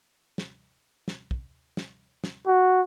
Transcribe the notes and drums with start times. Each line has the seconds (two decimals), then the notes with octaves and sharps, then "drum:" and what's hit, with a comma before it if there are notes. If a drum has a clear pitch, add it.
0.38 drum: snare
1.08 drum: snare
1.31 drum: kick
1.77 drum: snare
2.24 drum: snare
2.47 F#4